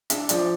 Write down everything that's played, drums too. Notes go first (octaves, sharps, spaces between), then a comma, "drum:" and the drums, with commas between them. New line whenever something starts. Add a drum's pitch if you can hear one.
D4 E5, drum: hi-hat
F3 D5, drum: hi-hat